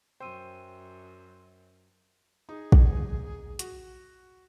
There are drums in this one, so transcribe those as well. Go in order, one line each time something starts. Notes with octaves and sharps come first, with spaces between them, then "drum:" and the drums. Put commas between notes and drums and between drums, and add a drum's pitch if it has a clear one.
F#2 C5 G5 C6 E6 D#7
D#4 G#4
drum: kick
F#4, drum: hi-hat